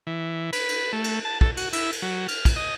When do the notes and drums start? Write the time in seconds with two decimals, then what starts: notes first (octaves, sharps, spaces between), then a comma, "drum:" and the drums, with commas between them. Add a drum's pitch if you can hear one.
0.07 E3
0.53 B4, drum: cymbal
0.69 drum: cymbal
0.93 A3
1.04 drum: cymbal
1.25 A5
1.41 A4, drum: kick
1.57 F#4, drum: cymbal
1.73 E4, drum: cymbal
1.92 drum: cymbal
2.02 F#3
2.28 F6, drum: cymbal
2.45 drum: kick, cymbal
2.56 D#5